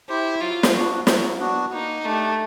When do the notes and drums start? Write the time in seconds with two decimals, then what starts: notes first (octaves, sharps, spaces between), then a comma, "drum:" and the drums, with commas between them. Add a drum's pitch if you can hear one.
0.09 E4 G4 C5
0.41 F#3 F4
0.63 drum: snare
0.74 B3 D4 F#4
1.07 F#3, drum: snare
1.40 B3 D4 F#4
1.72 A#3 D#4
2.04 A3 D4 G4